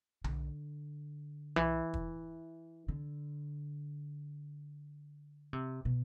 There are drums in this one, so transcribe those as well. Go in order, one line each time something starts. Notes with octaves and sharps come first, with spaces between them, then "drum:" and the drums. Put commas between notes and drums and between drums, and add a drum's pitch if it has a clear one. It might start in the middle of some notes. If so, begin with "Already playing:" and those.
D3, drum: tom B1
E3, drum: tom B1
drum: kick
D3
C3
B2